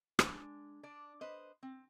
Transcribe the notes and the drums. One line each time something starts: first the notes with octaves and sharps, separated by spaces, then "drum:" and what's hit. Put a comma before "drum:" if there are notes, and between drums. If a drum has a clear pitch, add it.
G#3 D4, drum: rim click
D4 D5
B4 C5 D#5
C4